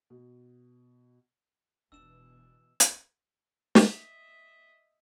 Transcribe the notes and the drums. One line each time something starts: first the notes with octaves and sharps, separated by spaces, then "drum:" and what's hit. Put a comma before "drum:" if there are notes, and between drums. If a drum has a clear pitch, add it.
B2
E1 B2 E3 D4 E6 E7
drum: hi-hat
D#5 E5, drum: snare